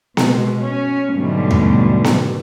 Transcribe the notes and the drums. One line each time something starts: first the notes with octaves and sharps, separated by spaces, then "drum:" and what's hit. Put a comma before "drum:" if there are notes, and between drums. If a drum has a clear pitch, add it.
B2 G#3, drum: snare B3
C#4
G#2 B2 D3 F#3 G3 A3
drum: tom D#2
drum: snare B3